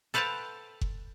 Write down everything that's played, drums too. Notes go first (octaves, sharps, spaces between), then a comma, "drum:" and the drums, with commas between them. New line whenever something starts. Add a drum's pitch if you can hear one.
A4 B4 C5 F5 G5 A5
drum: kick F#1